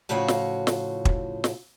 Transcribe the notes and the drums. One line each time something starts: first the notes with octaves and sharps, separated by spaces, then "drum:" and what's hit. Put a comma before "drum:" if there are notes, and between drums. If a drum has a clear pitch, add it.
A2 C#3 F3 F#4 C#5 F5
drum: snare
drum: snare
drum: kick
drum: snare